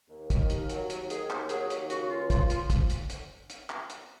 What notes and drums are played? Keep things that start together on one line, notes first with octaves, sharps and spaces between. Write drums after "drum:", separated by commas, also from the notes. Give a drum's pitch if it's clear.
D#2
D#3, drum: kick, hi-hat
D#2, drum: hi-hat
F#3, drum: hi-hat
D#2, drum: hi-hat
D#3 G#4, drum: hi-hat
D#2, drum: clap
F#3 G#4, drum: hi-hat
D#2, drum: hi-hat
C#3 F#4, drum: hi-hat
C#2 F4
F3 F4, drum: kick, hi-hat
F4, drum: hi-hat
drum: kick, hi-hat
drum: hi-hat
drum: hi-hat
drum: hi-hat
drum: clap
drum: hi-hat